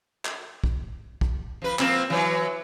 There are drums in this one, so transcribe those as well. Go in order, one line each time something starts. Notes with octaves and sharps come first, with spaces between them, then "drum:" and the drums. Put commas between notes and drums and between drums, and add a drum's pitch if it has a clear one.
drum: clap
drum: kick
drum: kick
F3 B4
F3 A#3 C4, drum: clap
E3 F#3